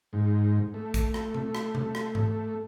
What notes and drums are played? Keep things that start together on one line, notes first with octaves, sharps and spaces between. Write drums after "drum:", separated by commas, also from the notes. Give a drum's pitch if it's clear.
G#2
A3
drum: kick, hi-hat
drum: rim click
drum: tom B2
drum: rim click
drum: tom B2
drum: rim click
drum: tom G#2